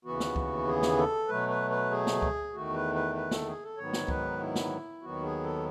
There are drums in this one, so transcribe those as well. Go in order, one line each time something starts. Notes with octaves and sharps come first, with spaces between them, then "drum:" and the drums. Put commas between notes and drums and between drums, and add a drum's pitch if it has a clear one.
D#2 C#3 E3 B3 F#4
drum: snare
drum: kick C#2
G#4
drum: snare
A4
B2 F#3 A3 B4
B4
B4
G#4
drum: snare
drum: kick C#2
E2 D#3 A3 F#4
B4
B4
B4
A4, drum: snare
G#4
A4
G#2 D#3 F#3 B3 C#5
drum: snare
B4, drum: kick C#2
E4
drum: snare
D#2 D#3 F#3 B3 F#4
G#4
A4